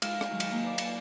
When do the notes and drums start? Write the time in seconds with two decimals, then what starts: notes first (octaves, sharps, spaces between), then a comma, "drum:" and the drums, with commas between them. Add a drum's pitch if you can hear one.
0.02 G#3 D#4 F5, drum: cymbal
0.21 drum: rim click
0.30 D#3 F#3 G#3
0.40 drum: cymbal
0.52 A#3 F#4 D#5
0.65 B4 D5
0.78 drum: cymbal